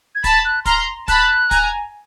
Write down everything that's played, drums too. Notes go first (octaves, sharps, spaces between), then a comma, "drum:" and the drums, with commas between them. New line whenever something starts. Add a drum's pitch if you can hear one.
G#6
A5 B5 A6, drum: kick, hi-hat
F#6
A#5 C6 F6, drum: kick, hi-hat
A5 B5 F#6, drum: kick, hi-hat
G#5 A#5, drum: kick, hi-hat